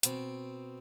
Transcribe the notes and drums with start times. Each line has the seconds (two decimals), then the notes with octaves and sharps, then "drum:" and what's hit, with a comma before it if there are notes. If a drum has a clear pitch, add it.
0.03 B2 C4, drum: hi-hat